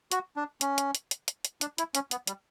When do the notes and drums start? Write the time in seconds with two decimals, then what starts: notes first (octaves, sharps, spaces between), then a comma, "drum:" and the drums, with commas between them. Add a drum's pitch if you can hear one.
0.11 F#4, drum: hi-hat
0.36 D4
0.61 C#4, drum: hi-hat
0.78 drum: hi-hat
0.95 drum: hi-hat
1.11 drum: hi-hat
1.28 drum: hi-hat
1.45 drum: hi-hat
1.61 D4, drum: hi-hat
1.78 E4, drum: hi-hat
1.95 C#4, drum: hi-hat
2.11 B3, drum: hi-hat
2.27 G3, drum: hi-hat